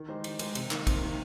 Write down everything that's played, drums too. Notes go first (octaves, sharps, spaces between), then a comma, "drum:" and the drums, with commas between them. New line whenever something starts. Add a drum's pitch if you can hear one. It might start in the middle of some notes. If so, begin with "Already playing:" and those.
Already playing: D#3
G#3 D#4 G4 C5
D#3, drum: cymbal
G#3 D#4 G4 C5, drum: cymbal
C3, drum: cymbal
D#3 A#3, drum: clap
C3, drum: kick, cymbal
D#3 A#3